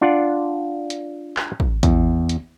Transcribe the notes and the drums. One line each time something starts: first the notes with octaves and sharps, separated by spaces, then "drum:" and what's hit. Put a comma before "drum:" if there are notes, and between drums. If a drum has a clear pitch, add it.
D4 F4 D5 F#5
drum: hi-hat
drum: clap
drum: kick
E2, drum: kick, hi-hat
drum: hi-hat